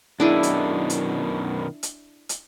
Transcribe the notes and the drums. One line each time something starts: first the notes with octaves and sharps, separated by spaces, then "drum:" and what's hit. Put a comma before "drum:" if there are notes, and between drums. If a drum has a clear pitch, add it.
F#2 B2 D#3 D4 E4 G#4
drum: hi-hat
drum: hi-hat
drum: hi-hat
drum: hi-hat